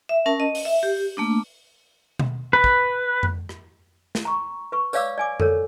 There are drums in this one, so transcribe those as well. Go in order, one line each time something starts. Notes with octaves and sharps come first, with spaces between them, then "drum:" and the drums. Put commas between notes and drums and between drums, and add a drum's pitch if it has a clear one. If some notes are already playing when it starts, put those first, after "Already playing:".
E5
C#4 A#4 A5
D#5
drum: open hi-hat
E5
G4
A3 A#3 D4
drum: tom B2
B4
drum: kick
drum: tom F2
drum: rim click
drum: snare
A#5 C#6
B4 C#6
B4 C#5 D5 F5 D6 E6, drum: tambourine
D5 G#5 D6
A4 A#4 C#5, drum: tom F2